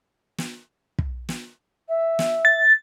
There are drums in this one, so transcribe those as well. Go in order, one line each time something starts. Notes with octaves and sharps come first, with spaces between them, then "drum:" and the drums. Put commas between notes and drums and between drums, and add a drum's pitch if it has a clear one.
drum: snare
drum: kick
drum: snare
E5
drum: snare
A6